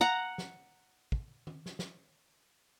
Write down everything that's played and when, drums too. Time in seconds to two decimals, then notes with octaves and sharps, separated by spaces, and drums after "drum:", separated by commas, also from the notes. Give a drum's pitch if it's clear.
0.01 F#5 A#5
0.38 drum: snare
1.12 drum: kick
1.47 drum: tom D#3
1.66 drum: snare
1.79 drum: snare